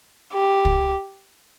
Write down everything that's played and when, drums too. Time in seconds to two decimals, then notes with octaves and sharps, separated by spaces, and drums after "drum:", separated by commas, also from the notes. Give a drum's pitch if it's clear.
0.33 G4
0.65 drum: kick